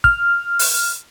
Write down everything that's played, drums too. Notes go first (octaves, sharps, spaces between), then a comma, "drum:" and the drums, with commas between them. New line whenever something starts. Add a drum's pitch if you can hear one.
F6, drum: kick
drum: open hi-hat